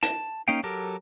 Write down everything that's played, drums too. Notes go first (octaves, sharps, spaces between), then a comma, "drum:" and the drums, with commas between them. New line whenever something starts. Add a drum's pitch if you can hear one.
A5, drum: hi-hat
A#3 C#4 D#4 F5 G5
F#3 G4 A4 A#4